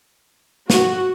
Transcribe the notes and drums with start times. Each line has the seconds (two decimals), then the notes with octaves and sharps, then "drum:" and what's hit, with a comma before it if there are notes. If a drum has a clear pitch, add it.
0.70 F#4, drum: snare